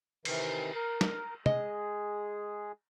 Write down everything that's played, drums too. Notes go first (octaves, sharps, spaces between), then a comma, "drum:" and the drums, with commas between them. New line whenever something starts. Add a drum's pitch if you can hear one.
C3 D#3 E3, drum: cymbal
A#4
drum: snare
G#3 G#4 D#5, drum: tom